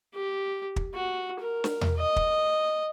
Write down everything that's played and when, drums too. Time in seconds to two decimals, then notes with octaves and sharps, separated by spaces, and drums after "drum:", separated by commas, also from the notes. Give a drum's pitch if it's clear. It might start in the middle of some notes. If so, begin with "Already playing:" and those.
0.14 G4
0.76 drum: kick
0.94 F#4
1.40 A#4
1.64 drum: snare
1.81 drum: tom E2
1.97 D#5
2.16 drum: kick